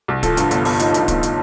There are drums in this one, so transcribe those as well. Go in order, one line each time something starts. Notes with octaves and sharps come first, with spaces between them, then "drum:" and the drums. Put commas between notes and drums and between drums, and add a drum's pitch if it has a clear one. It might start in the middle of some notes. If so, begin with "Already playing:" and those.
C2
F3 A4, drum: kick, hi-hat
G2, drum: hi-hat
G1, drum: hi-hat
G1, drum: open hi-hat
F3 D#4, drum: hi-hat
G2, drum: hi-hat
G1, drum: kick, hi-hat
drum: hi-hat